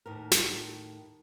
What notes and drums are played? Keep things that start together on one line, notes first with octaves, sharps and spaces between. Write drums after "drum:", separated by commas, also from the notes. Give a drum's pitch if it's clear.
D#2 A2 A#4
drum: snare